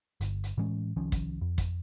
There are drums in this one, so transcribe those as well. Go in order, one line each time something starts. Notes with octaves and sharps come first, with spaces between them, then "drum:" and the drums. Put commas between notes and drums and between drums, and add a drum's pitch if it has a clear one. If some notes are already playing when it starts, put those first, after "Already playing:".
G1, drum: hi-hat
drum: hi-hat
A2 E3 G#3 C#4
C2 D#3 F3 C#4
drum: kick, hi-hat
F2
drum: kick, hi-hat